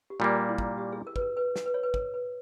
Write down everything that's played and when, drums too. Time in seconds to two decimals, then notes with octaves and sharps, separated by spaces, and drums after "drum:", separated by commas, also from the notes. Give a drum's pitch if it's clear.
0.10 G4
0.19 A#2 G3 A#3 G#4
0.34 A#4
0.49 E4
0.58 drum: kick
0.78 G4
0.92 G#4
1.07 A#4
1.16 B4, drum: kick
1.21 A#4
1.37 B4
1.56 drum: snare
1.66 B4
1.74 C#5
1.83 B4
1.94 A#4, drum: kick
2.14 B4